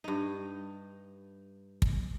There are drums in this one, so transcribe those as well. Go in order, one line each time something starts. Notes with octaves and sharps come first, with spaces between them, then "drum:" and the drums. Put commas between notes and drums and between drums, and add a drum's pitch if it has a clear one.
G2 D#4
drum: kick